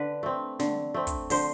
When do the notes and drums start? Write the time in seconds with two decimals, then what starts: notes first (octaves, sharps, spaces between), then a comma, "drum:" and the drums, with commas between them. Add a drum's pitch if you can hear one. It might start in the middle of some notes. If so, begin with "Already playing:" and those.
Already playing: D3 B4
0.23 A3 C4
0.59 D3, drum: snare
0.94 A3 C4
1.07 drum: kick, hi-hat
1.30 D3 C5, drum: open hi-hat